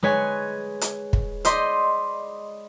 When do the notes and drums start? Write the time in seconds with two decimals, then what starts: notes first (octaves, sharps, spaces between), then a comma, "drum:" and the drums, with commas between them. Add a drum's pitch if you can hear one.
0.03 G#3 B4 C#5 G#5
0.81 drum: hi-hat
1.13 drum: kick
1.45 C5 D5 D#5 B5 C6, drum: hi-hat